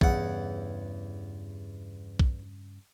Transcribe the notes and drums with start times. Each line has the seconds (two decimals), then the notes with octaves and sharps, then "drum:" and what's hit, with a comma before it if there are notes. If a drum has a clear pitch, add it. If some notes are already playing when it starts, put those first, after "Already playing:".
0.01 E2 G2 C#3 F#5, drum: kick
2.19 drum: kick